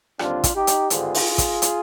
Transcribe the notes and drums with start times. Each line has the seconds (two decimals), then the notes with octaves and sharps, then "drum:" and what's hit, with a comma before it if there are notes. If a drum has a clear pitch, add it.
0.19 D#2 D3 G3 C4 D4 F4, drum: rim click
0.44 drum: kick, hi-hat
0.55 D#4 G4
0.67 drum: hi-hat
0.90 G#1 G2 D3 G3 C4 F4 G#4, drum: hi-hat
1.15 drum: open hi-hat
1.38 drum: kick, hi-hat
1.62 drum: hi-hat